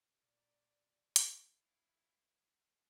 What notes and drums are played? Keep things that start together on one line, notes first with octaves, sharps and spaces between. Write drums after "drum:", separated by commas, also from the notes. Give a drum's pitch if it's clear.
A#2 D5
drum: hi-hat
E4 F5